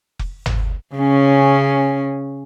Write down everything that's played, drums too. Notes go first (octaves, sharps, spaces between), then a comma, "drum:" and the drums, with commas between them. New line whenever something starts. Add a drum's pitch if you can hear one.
drum: kick F1
drum: tom
C#3 C#4